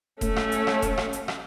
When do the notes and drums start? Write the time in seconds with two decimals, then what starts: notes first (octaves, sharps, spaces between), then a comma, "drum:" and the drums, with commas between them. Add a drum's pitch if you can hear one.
0.21 A3 C#4, drum: kick E1, hi-hat
0.36 drum: rim click
0.52 drum: hi-hat
0.67 drum: rim click
0.82 drum: kick E1, hi-hat
0.98 drum: rim click
1.13 drum: hi-hat
1.28 drum: rim click